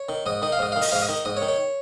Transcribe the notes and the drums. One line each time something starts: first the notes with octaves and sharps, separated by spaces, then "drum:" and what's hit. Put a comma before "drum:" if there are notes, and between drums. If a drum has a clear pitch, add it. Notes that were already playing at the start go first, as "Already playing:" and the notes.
Already playing: C#5
D#3
G#2 D#5
D#3 D#5
F5
G#2 D#5
D#3 F5
D#5, drum: open hi-hat
G#2 F5
D#5
D#3
G#2 D#5
C#5
D#3
C#5